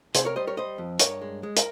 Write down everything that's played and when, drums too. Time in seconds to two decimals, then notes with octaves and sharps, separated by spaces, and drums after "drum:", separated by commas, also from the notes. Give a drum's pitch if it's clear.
0.15 C3 G#4 C5, drum: hi-hat
0.25 A#4 C#5
0.36 G3 C5 D#5
0.47 A#4 C#5
0.57 G3 C5 D#5
0.78 F2
1.00 G2 A#4 C#5, drum: hi-hat
1.21 G#3
1.43 G#3
1.57 A#4, drum: hi-hat